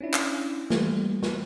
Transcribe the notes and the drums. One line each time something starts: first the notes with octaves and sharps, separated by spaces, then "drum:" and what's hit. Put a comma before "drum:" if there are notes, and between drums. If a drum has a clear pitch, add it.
C#4 D4 E4
drum: clap
E3 G3 A3 A#3, drum: snare
drum: snare